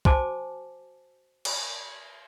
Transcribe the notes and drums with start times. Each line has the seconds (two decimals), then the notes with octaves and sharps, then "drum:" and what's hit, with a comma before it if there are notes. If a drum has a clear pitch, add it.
0.05 F#4 C5 G#5 A5 D6, drum: kick
1.45 drum: cymbal